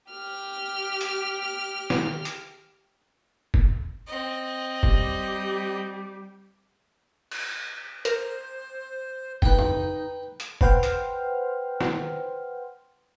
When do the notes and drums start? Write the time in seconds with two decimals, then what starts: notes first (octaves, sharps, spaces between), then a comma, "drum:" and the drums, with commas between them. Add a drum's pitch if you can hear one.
0.12 G4 F6
1.01 drum: hi-hat
1.90 drum: snare
2.25 drum: hi-hat
3.54 drum: kick
4.07 C4 D#5
4.83 G3 G4, drum: kick
7.31 drum: cymbal
8.05 A#4 C5, drum: hi-hat
9.42 D#4 B4 G5, drum: kick
9.59 drum: tom
10.40 drum: hi-hat
10.61 B4 C5 F#5 G5 C6 F6, drum: kick
10.83 drum: hi-hat
11.81 drum: snare